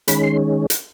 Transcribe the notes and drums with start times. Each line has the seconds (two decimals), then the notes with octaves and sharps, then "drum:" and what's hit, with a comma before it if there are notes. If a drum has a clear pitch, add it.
0.08 D#3 G#3 C#4 B5, drum: hi-hat
0.23 C6
0.70 drum: hi-hat